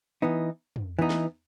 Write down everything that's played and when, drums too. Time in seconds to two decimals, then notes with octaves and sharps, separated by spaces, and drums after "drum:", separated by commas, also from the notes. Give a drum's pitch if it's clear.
0.22 E3 B3 D#4
0.76 drum: tom
0.99 E3 B3 D#4
1.10 drum: snare